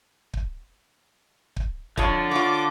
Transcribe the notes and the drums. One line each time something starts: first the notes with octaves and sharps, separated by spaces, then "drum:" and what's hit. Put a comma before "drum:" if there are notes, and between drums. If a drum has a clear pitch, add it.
drum: kick
drum: kick
F2 D3 F4 C#5, drum: kick
F4 C#5 D6